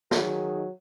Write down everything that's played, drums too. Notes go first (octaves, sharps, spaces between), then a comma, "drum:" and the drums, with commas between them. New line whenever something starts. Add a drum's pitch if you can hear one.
D#3 F#3 D#4 G#4, drum: snare